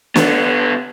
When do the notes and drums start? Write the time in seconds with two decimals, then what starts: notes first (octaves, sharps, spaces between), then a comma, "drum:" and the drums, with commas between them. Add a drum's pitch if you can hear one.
0.16 D3 B3, drum: snare